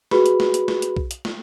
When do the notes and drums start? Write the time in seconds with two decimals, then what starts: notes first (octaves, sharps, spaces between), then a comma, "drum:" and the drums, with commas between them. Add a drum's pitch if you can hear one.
0.11 F#4 G#4 B4 B5, drum: snare
0.26 drum: hi-hat
0.40 drum: snare
0.54 drum: hi-hat
0.68 drum: snare
0.82 drum: hi-hat
0.97 drum: kick B1
1.11 drum: hi-hat
1.25 drum: snare